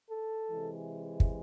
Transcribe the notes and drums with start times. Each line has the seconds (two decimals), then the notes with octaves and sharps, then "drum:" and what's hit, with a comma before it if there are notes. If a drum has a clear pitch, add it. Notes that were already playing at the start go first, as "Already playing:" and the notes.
0.10 A4
0.50 C3 E3 G#3
1.20 drum: kick